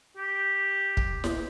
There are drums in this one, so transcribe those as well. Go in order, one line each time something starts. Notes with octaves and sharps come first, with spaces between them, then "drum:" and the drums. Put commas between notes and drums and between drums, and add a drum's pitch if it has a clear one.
G4
drum: kick
drum: snare E4